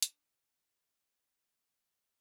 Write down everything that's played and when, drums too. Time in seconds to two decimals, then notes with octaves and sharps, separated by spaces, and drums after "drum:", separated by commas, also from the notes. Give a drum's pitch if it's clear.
0.03 D4 A#4 D5 F#5 G5, drum: hi-hat